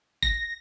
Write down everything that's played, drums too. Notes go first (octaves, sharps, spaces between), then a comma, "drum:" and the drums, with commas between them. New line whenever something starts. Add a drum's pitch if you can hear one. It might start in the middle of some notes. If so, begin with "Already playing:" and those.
A#6, drum: kick F1